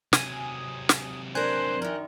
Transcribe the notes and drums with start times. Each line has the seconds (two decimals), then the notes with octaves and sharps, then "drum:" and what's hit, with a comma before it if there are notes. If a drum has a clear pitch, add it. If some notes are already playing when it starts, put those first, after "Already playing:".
0.13 C3 F#3 G#5 D#6, drum: snare
0.89 drum: snare
1.35 D4 A#4 C5 G#5 F#6 G6
1.82 F#2 D#3 A#4